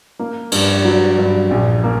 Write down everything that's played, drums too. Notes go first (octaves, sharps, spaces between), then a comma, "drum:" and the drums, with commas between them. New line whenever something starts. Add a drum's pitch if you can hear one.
A#3
G2, drum: cymbal
F#3
G2
A#1
A#3